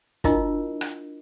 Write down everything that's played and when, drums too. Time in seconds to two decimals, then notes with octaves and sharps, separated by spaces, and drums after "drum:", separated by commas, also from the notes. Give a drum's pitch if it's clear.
0.24 D4 E4 F4 A#4 D#5 E6, drum: kick, hi-hat
0.81 drum: rim click